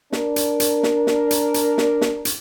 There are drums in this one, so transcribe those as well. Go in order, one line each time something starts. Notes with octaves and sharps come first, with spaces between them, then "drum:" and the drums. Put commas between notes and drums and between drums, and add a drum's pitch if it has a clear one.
D4 A#4, drum: snare
drum: hi-hat
drum: hi-hat
drum: snare
drum: snare
drum: hi-hat
drum: hi-hat
drum: snare
drum: snare
drum: hi-hat